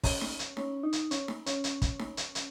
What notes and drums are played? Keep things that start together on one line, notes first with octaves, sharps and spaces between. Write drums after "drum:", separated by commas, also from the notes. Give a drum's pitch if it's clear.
C#4, drum: kick, open hi-hat
drum: snare D#4
drum: hi-hat
C#4, drum: snare D#4
D#4
drum: hi-hat
C#4, drum: hi-hat
drum: snare D#4
C#4, drum: hi-hat
drum: hi-hat
drum: kick, hi-hat
drum: snare D#4
drum: hi-hat
drum: hi-hat